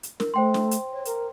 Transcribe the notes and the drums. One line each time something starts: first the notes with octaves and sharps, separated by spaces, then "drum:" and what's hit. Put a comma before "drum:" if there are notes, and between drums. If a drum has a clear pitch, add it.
drum: hi-hat
A#4, drum: snare
A3 C5 G5 C6
drum: snare
drum: hi-hat
C#5
A#4, drum: hi-hat